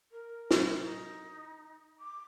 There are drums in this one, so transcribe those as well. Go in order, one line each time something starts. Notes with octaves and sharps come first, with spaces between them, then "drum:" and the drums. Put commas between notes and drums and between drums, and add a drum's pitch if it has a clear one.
A#4
drum: snare
D#4
D6